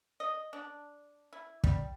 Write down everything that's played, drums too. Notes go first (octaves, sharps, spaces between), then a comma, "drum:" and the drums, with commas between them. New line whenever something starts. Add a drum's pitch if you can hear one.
D#5
D4
E4
G3, drum: kick